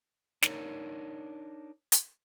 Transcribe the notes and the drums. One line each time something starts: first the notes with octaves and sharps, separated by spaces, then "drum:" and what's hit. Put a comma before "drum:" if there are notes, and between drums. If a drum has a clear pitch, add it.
D4 D#4 A#4 C#5, drum: snare
drum: hi-hat